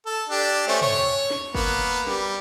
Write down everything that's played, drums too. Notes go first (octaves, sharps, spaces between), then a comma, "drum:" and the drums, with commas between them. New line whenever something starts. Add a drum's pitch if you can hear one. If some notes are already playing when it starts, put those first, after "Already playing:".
A4
D4 G4
A3 C#4 C5
C#5, drum: tom
drum: snare
A#3 B3, drum: kick
G3, drum: snare